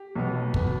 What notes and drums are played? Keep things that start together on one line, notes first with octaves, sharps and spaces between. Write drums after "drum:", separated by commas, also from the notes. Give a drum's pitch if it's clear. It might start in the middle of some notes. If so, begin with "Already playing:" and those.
Already playing: G4
B1 B2 B3
B1 B2 B3, drum: kick